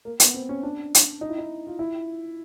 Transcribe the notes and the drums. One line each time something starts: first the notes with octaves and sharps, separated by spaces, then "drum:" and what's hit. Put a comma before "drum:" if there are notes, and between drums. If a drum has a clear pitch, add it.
A#3
B3, drum: hi-hat
C4
C#4
D4
drum: hi-hat
D#4
E4
D#4
F4
E4